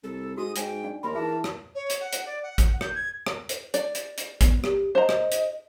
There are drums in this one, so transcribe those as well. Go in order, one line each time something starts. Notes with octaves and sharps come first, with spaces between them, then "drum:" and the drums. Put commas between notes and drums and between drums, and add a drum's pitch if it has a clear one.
C2 A4
G#2 F#4 D#6
G#2 G5 G#5, drum: hi-hat
D4 D#4 D5
D#2 A#4 B5 C6
E3 G#4 E5 A5
drum: rim click
C#5
drum: hi-hat
F#5
drum: hi-hat
D5
F#5
drum: kick A1, hi-hat
G6, drum: rim click
G#6
drum: rim click
drum: hi-hat
D5, drum: hi-hat
drum: hi-hat
drum: hi-hat
B3, drum: kick A1, hi-hat
G4, drum: rim click
C5 D#5 A#5
drum: rim click
drum: hi-hat